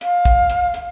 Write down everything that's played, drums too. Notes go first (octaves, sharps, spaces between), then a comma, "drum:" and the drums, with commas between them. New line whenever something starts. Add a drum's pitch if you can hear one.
F5, drum: hi-hat
drum: kick, hi-hat
drum: hi-hat
drum: hi-hat